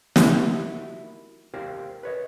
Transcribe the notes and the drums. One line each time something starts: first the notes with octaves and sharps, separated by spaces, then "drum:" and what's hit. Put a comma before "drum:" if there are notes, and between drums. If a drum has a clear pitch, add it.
D#4 E4 F#4 G4 A#4, drum: snare
G4 A#4 C5 F5 G5
B4 C#5 D#5